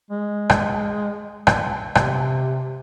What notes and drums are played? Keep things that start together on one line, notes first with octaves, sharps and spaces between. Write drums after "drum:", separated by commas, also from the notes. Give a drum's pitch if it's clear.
G#3
drum: rim click
drum: rim click
C3, drum: rim click